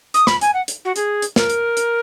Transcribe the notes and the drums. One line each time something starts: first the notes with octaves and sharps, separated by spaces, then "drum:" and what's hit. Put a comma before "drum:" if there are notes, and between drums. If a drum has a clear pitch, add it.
D#6, drum: hi-hat
B5, drum: snare
G#5, drum: hi-hat
F#5
drum: hi-hat
F#4
G#4, drum: hi-hat
drum: hi-hat
A#4, drum: snare
drum: hi-hat
drum: hi-hat